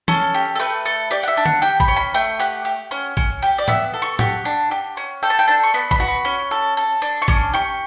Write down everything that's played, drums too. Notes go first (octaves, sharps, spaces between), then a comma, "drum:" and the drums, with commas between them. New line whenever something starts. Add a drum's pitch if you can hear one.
C#4 A4, drum: tom E3
G4
A4
A3 B4
A4
G4 D5
F#5
E5
D4
F#5, drum: tom
G4 G5
B5, drum: kick G#1
C#4
B5
A3 G5
G4 F#5
G4
C#4
C#4, drum: kick G#1
G4
D5
B3 E5, drum: tom A2
A4
C#6
G4 F#5, drum: tom
D4
G4
C#4
A4 G5
A5
G5
D4 A5
C#6
B3 B5
B5, drum: kick G#1
F#4
B5
C#4
A4
A4
D4
C#6
C#4 D6, drum: kick G#1
G4 C#6